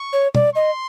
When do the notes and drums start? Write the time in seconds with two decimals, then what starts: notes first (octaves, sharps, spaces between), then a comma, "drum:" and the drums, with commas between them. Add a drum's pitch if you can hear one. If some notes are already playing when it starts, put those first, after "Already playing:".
Already playing: C#6
0.13 C#5
0.35 D5, drum: tom B2
0.55 D#5 C6